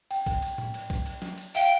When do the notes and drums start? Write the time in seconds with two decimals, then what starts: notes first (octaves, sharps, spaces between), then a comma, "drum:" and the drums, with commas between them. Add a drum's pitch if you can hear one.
0.11 G5, drum: cymbal
0.26 drum: kick, cymbal
0.42 drum: cymbal
0.58 drum: tom A2
0.74 drum: cymbal
0.90 drum: kick, cymbal
1.06 drum: cymbal
1.22 drum: snare F#3
1.38 drum: cymbal
1.55 E5 F5 G5 G7, drum: cymbal